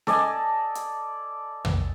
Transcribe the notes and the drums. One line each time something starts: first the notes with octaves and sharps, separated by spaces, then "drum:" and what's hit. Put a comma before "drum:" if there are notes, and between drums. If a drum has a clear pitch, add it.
A4 D5 D#5 G#5, drum: snare C#4
drum: hi-hat
drum: tom